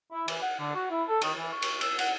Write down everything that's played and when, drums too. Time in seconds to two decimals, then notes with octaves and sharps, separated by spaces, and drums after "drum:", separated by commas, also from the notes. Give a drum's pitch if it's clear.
0.12 E4
0.28 E3, drum: cymbal
0.42 F#5
0.59 D3
0.74 F#4
0.90 E4
1.08 A4
1.21 D#3, drum: cymbal
1.37 E3
1.52 C#6
1.62 drum: cymbal
1.81 E6, drum: cymbal
1.99 F#5, drum: cymbal